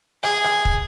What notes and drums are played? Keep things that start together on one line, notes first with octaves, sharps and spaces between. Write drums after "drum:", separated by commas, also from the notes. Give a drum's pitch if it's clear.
G#4, drum: rim click
drum: rim click
drum: kick